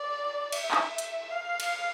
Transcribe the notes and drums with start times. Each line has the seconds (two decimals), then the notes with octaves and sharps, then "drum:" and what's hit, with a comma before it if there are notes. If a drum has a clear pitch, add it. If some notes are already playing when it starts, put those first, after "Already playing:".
Already playing: D5
0.52 E5, drum: cymbal
0.71 drum: clap
0.98 drum: hi-hat
1.31 F5
1.60 drum: cymbal